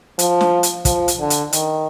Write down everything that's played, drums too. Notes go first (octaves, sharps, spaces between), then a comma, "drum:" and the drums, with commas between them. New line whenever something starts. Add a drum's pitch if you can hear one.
F3, drum: hi-hat
drum: snare
drum: hi-hat
F3, drum: kick, hi-hat
drum: hi-hat
D3
drum: hi-hat
D#3, drum: hi-hat